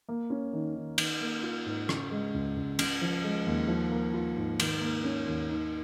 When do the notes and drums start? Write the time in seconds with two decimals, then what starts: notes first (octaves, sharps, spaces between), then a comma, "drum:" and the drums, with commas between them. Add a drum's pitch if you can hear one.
0.09 A#3
0.30 C#4
0.53 D#3
0.75 D#3
0.98 D#3, drum: cymbal
1.21 A#3
1.43 F4
1.66 G#2
1.89 C#3, drum: rim click
2.11 G#3
2.34 C#2
2.56 C#2
2.79 C#3, drum: cymbal
3.01 F3
3.24 G#3
3.46 D#2
3.68 F3
3.92 A#3
4.14 F4
4.37 G#2
4.60 D#3, drum: cymbal
4.81 A#3
5.04 C#4
5.27 D#2
5.49 D#3